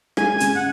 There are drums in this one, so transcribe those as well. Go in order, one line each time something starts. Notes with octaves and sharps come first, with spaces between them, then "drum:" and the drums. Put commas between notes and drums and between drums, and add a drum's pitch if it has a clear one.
G#3 G#5, drum: rim click
G#5
C#3, drum: hi-hat
F#5